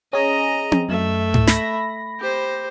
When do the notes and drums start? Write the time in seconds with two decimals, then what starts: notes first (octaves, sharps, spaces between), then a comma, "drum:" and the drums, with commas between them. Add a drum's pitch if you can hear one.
0.13 C#4 G#4 D#5 A#5
0.72 drum: tom C4
0.89 F#2 A3 E5
1.34 drum: tom G#2
1.47 B5 A#6, drum: snare
2.20 G4 C5